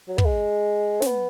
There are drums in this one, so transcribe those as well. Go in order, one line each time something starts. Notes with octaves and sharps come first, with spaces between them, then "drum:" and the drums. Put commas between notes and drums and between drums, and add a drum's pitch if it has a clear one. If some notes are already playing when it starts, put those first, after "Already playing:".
F#3
B3, drum: kick
G#3
C#4, drum: snare
B3